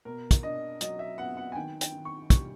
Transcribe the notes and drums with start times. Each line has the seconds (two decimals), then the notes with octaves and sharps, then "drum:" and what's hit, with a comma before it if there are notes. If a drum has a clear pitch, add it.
0.05 B2 A#4
0.31 drum: kick, hi-hat
0.43 D4 D#5
0.81 F#3 D#5, drum: hi-hat
0.99 E5
1.18 B3 F#5
1.37 F#5
1.52 G#5
1.55 D#3 G5
1.81 G5, drum: hi-hat
1.94 D#3
2.05 C#6
2.30 G3 C#6, drum: kick, hi-hat